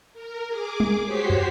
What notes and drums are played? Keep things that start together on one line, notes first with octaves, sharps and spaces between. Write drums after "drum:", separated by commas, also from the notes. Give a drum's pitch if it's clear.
A#4
G#4 D6
drum: tom G3
F#4 G4 C5 C#5 B6 C7
drum: tom